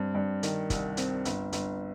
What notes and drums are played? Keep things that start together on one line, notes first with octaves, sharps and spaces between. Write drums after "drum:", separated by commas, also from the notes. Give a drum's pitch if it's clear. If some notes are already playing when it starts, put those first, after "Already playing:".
Already playing: G2 C4
G2
D#3, drum: hi-hat
C2, drum: kick, hi-hat
C4, drum: hi-hat
G1, drum: hi-hat
G1, drum: hi-hat